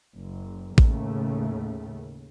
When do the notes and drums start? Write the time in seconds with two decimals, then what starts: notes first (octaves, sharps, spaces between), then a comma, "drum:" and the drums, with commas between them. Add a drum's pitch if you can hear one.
0.15 F#1
0.78 D#2 A2 C#3 A3, drum: kick A1